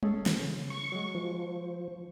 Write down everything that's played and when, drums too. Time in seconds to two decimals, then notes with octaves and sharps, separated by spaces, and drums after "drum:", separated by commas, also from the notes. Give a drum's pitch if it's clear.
0.03 C#4 G#4 A4, drum: tom G3
0.26 drum: snare
0.41 C#3
0.70 C#6
0.92 F#3 G#3
1.15 F3